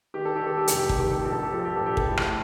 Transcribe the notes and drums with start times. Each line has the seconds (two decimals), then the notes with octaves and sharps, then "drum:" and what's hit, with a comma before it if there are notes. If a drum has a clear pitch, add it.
0.14 D#3 G4
0.25 A4
0.36 G4
0.42 D#3 A4
0.57 G4
0.68 F1 A4, drum: hi-hat
0.79 G4
0.89 A4, drum: kick
0.97 D#3 G4
1.11 A4
1.21 A#1 G4
1.32 A4
1.43 G4
1.53 F3 A4
1.65 G4
1.76 A#1 A4
1.86 G4
1.97 A4, drum: kick
2.07 A2 G4
2.17 drum: rim click